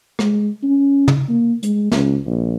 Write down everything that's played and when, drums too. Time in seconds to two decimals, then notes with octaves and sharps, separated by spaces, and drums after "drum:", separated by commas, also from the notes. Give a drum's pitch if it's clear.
0.19 G#3, drum: rim click
0.63 C#4
1.08 drum: tom
1.29 A#3
1.63 G#3, drum: hi-hat
1.92 C#2, drum: snare
2.26 A#1